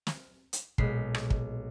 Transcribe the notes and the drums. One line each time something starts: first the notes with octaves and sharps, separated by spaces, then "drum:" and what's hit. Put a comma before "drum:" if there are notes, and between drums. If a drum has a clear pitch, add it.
drum: snare
drum: hi-hat
B1 A#2 G#3 B6 C7, drum: kick
drum: rim click
drum: kick